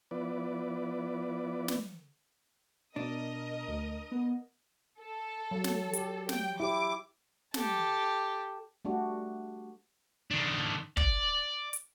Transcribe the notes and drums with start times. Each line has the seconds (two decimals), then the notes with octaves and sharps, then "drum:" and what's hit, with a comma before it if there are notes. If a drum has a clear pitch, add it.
0.11 F3 B3 E4 B4 D5
1.68 drum: snare
2.96 B2 D4 A#4 D#5 D#6
3.68 D2
4.12 B3
5.00 A4
5.51 F#3
5.64 drum: snare
5.93 G4, drum: hi-hat
6.29 G5, drum: snare
6.60 E4 G4 D6
7.54 G4 A4, drum: snare
8.85 G3 A3 D4 F#4 G4
10.31 D#3 D4
10.97 D5, drum: kick
11.73 drum: hi-hat